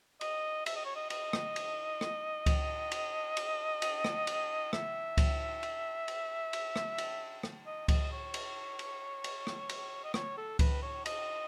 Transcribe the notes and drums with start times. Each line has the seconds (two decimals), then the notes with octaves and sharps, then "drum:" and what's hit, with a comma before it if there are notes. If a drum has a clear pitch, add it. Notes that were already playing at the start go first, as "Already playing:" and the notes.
0.21 D#5, drum: cymbal
0.66 E5, drum: cymbal
0.76 D#5
0.85 C#5
0.96 D#5
1.10 D#5, drum: cymbal
1.33 drum: rim click
1.56 drum: cymbal
2.01 drum: rim click
2.46 drum: kick C#2, cymbal
2.92 drum: cymbal
3.37 drum: cymbal
3.82 drum: cymbal
4.04 drum: rim click
4.27 drum: cymbal
4.73 E5, drum: rim click
5.17 drum: kick C#2, cymbal
5.63 drum: cymbal
6.08 drum: cymbal
6.53 drum: cymbal
6.76 drum: rim click
6.98 drum: cymbal
7.43 drum: rim click
7.66 D#5
7.88 D#5, drum: kick C#2, cymbal
8.12 C#5
8.34 drum: cymbal
8.79 drum: cymbal
9.24 drum: cymbal
9.47 drum: rim click
9.69 drum: cymbal
10.04 D#5
10.14 C#5, drum: rim click
10.37 A4
10.59 B4, drum: kick C#2, cymbal
10.82 C#5
11.06 D#5, drum: cymbal